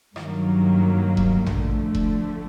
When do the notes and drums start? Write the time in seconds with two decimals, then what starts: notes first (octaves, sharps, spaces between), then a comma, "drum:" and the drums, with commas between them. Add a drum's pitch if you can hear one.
0.16 G2 D#3 F#3 A#3, drum: rim click
1.17 drum: kick E1
1.46 D3 F3 A3, drum: tom
1.95 drum: kick E1